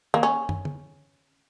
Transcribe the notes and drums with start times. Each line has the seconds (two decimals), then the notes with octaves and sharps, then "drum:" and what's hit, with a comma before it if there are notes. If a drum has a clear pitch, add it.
0.14 A#3, drum: tom
0.23 C#4
0.49 drum: tom
0.65 drum: tom